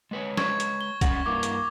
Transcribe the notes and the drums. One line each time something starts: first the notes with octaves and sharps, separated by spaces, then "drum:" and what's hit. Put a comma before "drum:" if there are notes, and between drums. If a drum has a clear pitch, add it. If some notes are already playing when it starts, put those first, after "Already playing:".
G#3 B4 C#5
C#6 G#6, drum: snare
drum: hi-hat
G7
G3 C#4 F#5 A#6, drum: kick, hi-hat
G2 E3 A#3 D6
drum: hi-hat